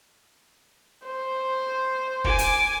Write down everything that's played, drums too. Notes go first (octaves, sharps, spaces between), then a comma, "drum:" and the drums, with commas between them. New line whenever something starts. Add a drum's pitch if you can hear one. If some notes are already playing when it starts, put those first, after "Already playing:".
C5
G#5 D6, drum: kick
drum: hi-hat